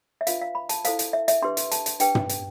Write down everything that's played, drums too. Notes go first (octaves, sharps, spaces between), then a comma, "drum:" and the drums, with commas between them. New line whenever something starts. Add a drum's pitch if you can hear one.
E5
D4 F4 B4 F5, drum: hi-hat
F5
B5
A5, drum: hi-hat
E4 A4 C5 F5, drum: hi-hat
drum: hi-hat
E5
E5, drum: hi-hat
D4 G4 B4 C6
drum: hi-hat
A5, drum: hi-hat
drum: hi-hat
D4 G4 B4 G5, drum: hi-hat
drum: tom
drum: hi-hat